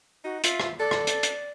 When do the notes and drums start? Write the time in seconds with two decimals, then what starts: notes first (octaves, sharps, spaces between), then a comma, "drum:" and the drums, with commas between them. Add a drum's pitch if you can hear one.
0.24 D#4 F#4
0.44 F4 E5, drum: hi-hat
0.60 drum: rim click
0.79 A4 D5
0.91 drum: rim click
1.07 drum: hi-hat
1.23 drum: hi-hat